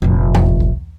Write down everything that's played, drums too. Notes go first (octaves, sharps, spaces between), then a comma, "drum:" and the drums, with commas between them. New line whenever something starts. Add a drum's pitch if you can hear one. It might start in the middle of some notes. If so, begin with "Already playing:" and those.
F1 A#1
drum: tom E2
drum: kick C2